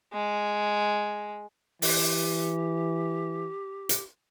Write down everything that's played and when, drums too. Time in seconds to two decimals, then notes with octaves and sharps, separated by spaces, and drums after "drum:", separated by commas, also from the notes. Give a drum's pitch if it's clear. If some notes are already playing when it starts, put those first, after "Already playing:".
0.13 G#3
1.82 E3 G4, drum: open hi-hat
3.89 drum: hi-hat